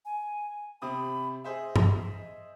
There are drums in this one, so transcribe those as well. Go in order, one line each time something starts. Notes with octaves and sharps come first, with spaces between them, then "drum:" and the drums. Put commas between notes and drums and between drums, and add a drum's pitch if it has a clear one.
G#5
C3 C4 B5 D#6
G#4 C5 D#5 E5
drum: tom G2